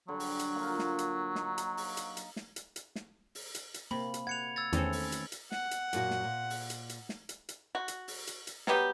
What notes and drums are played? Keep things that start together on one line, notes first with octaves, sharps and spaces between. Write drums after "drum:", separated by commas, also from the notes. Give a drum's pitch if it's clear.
D3 F#3 G3
drum: open hi-hat
drum: hi-hat
A#3 D4 F4
drum: snare
drum: hi-hat
D#4, drum: snare
drum: hi-hat
drum: open hi-hat
drum: hi-hat
drum: hi-hat
drum: snare
drum: hi-hat
drum: hi-hat
drum: snare
drum: open hi-hat
drum: hi-hat
drum: hi-hat
C3 A#3 B5
drum: hi-hat
F#5 G#6 C#7 F7
E6 G#6 A6
E2 D#3 E3 A3 C4 C#4 A4, drum: hi-hat
drum: open hi-hat
drum: hi-hat
drum: hi-hat
F#5, drum: snare
drum: hi-hat
F#2 A#2 F#4, drum: hi-hat
drum: snare
A#2
drum: open hi-hat
drum: hi-hat
drum: hi-hat
drum: snare
drum: hi-hat
drum: hi-hat
F#4
drum: hi-hat
drum: open hi-hat
drum: hi-hat
drum: hi-hat
F#3 G3 B3 G4, drum: snare